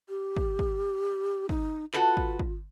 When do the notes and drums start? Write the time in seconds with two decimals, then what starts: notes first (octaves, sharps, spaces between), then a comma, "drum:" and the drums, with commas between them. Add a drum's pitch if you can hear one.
0.09 G4
0.37 drum: kick
0.59 drum: kick
1.49 D#4, drum: kick
1.93 F4 F#4 A4 B4, drum: clap
2.17 drum: kick
2.39 drum: kick